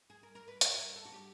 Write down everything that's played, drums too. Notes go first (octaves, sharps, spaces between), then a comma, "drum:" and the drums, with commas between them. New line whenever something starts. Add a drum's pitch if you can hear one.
G#4
A#4
A#4
B4
A#4, drum: hi-hat
A#4
A4
F#4
G4